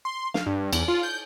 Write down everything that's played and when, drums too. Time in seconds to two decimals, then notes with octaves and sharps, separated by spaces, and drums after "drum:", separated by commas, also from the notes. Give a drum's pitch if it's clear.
0.05 C6
0.34 F5, drum: snare
0.46 G2
0.73 E2, drum: cymbal
0.88 F4
1.03 G6